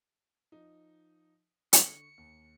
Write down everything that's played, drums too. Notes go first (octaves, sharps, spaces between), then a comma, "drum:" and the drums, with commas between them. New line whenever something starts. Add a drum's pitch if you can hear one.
F3 D#4
D3 C#6 C#7, drum: hi-hat
D#2